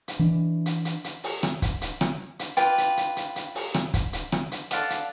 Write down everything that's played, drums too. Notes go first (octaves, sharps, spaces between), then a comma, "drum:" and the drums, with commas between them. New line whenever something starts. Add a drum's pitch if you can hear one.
drum: hi-hat
E3 D4
drum: hi-hat
drum: hi-hat
drum: hi-hat
drum: open hi-hat
drum: rim click
drum: kick, hi-hat
drum: hi-hat
drum: rim click
drum: hi-hat
F4 B4 G5 D6, drum: hi-hat
drum: hi-hat
drum: hi-hat
drum: hi-hat
drum: hi-hat
drum: open hi-hat
drum: rim click
drum: kick, hi-hat
drum: hi-hat
drum: rim click
drum: hi-hat
A4 D5 F5 F#5, drum: hi-hat
drum: hi-hat